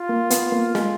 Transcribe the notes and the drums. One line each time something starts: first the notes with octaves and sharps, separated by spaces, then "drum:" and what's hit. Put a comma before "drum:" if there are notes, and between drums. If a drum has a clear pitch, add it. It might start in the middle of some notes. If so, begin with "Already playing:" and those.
Already playing: F4
A#3
B3, drum: hi-hat
A#3
G#3, drum: snare